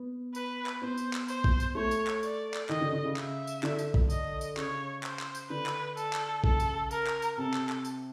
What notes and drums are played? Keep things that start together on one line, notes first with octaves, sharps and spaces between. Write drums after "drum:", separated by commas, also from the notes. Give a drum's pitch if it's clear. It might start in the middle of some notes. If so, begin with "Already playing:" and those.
Already playing: B3
B4, drum: tambourine
drum: clap
B3 C5
drum: tambourine
drum: clap
C5, drum: tambourine
drum: kick A#1
drum: tambourine
A3 C#5
drum: tambourine
drum: clap
D5, drum: tambourine
drum: clap
D#3 D#5, drum: clap
D3
D3
C#3
E5, drum: clap
drum: tambourine
D3, drum: clap
drum: tambourine
drum: kick A#1
D#5, drum: tambourine
drum: tambourine
C#3 C#5, drum: clap
C5, drum: clap
drum: clap
drum: tambourine
D3 B4
drum: clap
A4, drum: tambourine
drum: clap
C#3 A4, drum: kick A#1
drum: tambourine
A#4, drum: tambourine
drum: clap
drum: tambourine
C3 A4
drum: clap
drum: clap
drum: tambourine